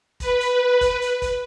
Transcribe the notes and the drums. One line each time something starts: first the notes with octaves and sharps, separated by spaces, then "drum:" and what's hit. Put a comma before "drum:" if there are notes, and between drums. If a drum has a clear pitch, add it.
B4, drum: kick, hi-hat
drum: hi-hat
drum: kick, hi-hat
drum: hi-hat
drum: kick, hi-hat